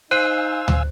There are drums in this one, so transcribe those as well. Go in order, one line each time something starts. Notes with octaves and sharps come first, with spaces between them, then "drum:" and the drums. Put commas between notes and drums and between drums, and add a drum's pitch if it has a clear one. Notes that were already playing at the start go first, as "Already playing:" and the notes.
D#4 C5 F5 G#5 E6 F#6
drum: tom D2